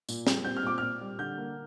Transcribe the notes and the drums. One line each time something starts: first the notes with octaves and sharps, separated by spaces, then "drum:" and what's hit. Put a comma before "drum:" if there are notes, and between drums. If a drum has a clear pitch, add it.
A#2, drum: tambourine
G3, drum: snare
C4 G6
F6
A#2 D6
A#2 F6
G3
D3 G6
A#3